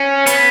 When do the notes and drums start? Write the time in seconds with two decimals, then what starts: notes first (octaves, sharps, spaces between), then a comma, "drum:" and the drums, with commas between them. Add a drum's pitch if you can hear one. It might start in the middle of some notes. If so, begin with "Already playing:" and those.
Already playing: C#4
0.26 B3, drum: hi-hat